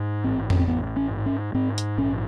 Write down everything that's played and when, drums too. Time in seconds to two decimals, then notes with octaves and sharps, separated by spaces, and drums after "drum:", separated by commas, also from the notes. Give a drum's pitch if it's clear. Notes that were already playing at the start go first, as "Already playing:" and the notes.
Already playing: G#2
0.24 A1 C4
0.50 C#4, drum: tom F2
0.59 C4
0.68 A1 B3
0.96 C#4
1.11 G#2
1.26 C#4
1.54 G#2 C4
1.78 drum: hi-hat
1.98 A#1 C#4